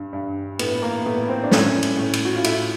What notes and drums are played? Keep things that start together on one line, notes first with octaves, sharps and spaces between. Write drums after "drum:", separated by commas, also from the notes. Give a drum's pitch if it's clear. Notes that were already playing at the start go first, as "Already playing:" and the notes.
Already playing: G2
G2
A2 B3, drum: cymbal
A#3
A2 B3
C4
D4
A2 C#4, drum: snare
drum: cymbal
A2
drum: cymbal
F#4
F4
A2 E4, drum: cymbal